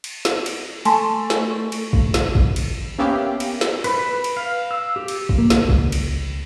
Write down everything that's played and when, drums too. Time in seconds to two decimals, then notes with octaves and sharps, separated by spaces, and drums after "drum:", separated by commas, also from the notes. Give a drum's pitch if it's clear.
0.04 drum: cymbal
0.25 drum: snare
0.46 drum: cymbal
0.85 A3 G#5 A5 C6, drum: cymbal
1.30 drum: snare
1.72 drum: cymbal
1.93 drum: kick
2.14 drum: snare
2.35 drum: kick
2.56 drum: cymbal
2.98 A#3 B3 C#4 G4 E5 F5
3.40 drum: cymbal
3.61 drum: snare
3.84 B4, drum: cymbal
4.24 drum: cymbal
4.37 F5
4.71 E6
4.96 G4
5.08 drum: cymbal
5.29 drum: kick
5.38 A#3
5.50 drum: snare
5.69 C#2, drum: kick
5.92 drum: cymbal